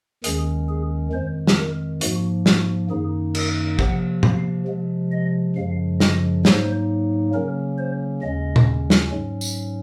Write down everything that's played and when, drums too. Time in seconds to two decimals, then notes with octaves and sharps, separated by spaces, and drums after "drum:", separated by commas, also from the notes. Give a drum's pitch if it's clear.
0.24 D#2 D#3 G#3 C#4 G#4, drum: hi-hat
0.68 G#4
1.13 F2 D#3 G#3 C5
1.47 drum: snare
1.57 A#4
2.01 G#2 F3 A#3 F#4, drum: hi-hat
2.46 F#4, drum: snare
2.90 F#2 D#3 A#3 D#4 G#4
3.35 A#4, drum: cymbal
3.79 C3 F3 A#3 F#5, drum: kick
4.23 F5, drum: tom A2
4.67 C3 F3 G#3
5.12 D#5
5.56 F#2 C#3 F3 G#3 F5
6.00 D#5, drum: snare
6.45 G#2 F#3 A#3 D#4 C5, drum: snare
7.34 C#3 F#3 A#3 C#4 A#4
7.78 C5
8.22 D#2 C#3 G#3 C#4 D#5
8.56 drum: tom
8.90 drum: snare
9.11 G#2 F#3 C#4
9.41 drum: tambourine